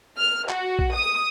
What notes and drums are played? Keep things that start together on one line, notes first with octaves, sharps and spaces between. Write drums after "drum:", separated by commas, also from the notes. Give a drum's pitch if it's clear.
F6
F#4, drum: clap
drum: kick A#1
D#6